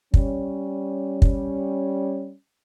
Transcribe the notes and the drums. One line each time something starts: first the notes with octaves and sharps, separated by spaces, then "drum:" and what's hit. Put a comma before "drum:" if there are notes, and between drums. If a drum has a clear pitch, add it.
G3 C#4, drum: kick
drum: kick